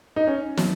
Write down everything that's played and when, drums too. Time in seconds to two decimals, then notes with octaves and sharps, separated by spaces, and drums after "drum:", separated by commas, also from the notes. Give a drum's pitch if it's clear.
0.16 D#4
0.27 C#4
0.57 F#3, drum: snare